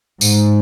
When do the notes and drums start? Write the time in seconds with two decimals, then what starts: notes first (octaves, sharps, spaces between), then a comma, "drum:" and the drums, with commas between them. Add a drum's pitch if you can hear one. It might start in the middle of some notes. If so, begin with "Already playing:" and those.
0.21 G#2, drum: tambourine